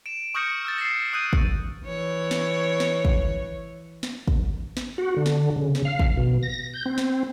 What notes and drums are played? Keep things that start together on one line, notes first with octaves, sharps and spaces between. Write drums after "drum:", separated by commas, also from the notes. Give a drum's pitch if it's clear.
D7 E7
C#6 D#6 F6 G6 A#6 C#7
E6 G6 A6
A#6 C7
D#6 F#6 G6 D#7
drum: kick
E3 C#5
drum: snare
drum: snare
drum: kick
drum: snare
drum: kick
drum: snare
F#4
D3
drum: snare
C#3
drum: snare
F5
drum: kick
B2
A#6
G6
C4
drum: snare